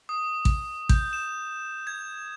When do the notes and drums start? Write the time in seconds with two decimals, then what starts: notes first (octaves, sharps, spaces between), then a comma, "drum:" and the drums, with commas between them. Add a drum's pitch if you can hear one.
0.09 D#6
0.45 drum: kick A1
0.89 G6, drum: kick A1
1.13 E7
1.87 G#6